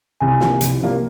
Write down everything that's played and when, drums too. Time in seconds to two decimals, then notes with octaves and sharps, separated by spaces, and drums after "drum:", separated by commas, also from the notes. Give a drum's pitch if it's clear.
0.20 C2 G#5
0.40 C3 F3 A#3, drum: snare
0.61 C2, drum: hi-hat
0.81 C3 F3 A#3